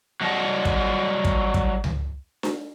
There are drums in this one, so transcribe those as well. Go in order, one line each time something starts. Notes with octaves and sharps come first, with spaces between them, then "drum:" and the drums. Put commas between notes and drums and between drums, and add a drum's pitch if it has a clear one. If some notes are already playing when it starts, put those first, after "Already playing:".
F#3 G3 D#5 F#5 A5
drum: kick
drum: kick
drum: kick
drum: tom C#2
drum: snare D4